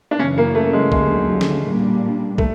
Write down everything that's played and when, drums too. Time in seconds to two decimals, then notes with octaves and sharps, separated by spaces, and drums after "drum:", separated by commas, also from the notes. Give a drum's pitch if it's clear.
0.11 D4
0.18 F#2 C#3 E3 C#4
0.38 A#3
0.55 A3
0.73 G#3
0.92 D#2 D3 F#3 G#3, drum: kick
1.41 drum: snare
1.66 A#2 G3 A#3 D4
2.38 A3, drum: kick